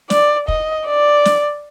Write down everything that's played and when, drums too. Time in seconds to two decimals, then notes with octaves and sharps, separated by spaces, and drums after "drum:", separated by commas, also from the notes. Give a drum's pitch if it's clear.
0.10 D5, drum: snare
0.48 D#5, drum: kick
0.87 D5
1.25 drum: snare